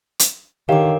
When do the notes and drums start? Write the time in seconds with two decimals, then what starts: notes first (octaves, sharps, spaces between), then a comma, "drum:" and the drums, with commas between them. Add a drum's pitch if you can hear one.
0.19 drum: hi-hat
0.69 D3 D#3 G4 A#4 C#5 F5 D6